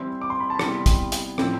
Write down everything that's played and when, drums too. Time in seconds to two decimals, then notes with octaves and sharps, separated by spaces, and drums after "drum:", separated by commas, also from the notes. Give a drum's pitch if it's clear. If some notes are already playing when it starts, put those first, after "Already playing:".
Already playing: E3 G3 C4 E4 C6
0.21 D6
0.30 C6
0.40 B5
0.50 A5
0.59 C3 G3 B3 E4 C6, drum: rim click
0.86 drum: kick, hi-hat
1.12 drum: hi-hat
1.38 A2 F3 C4 E4, drum: rim click